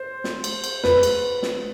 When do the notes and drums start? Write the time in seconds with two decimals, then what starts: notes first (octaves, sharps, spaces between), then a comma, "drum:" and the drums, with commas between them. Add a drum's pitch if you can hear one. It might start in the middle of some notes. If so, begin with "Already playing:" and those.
Already playing: C5
0.24 drum: snare
0.44 drum: cymbal
0.64 drum: cymbal
0.84 B4, drum: snare
1.03 drum: cymbal
1.43 drum: snare